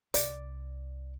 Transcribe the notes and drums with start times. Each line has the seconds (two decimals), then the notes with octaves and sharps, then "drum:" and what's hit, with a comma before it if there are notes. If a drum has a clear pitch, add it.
0.14 C2 D5, drum: hi-hat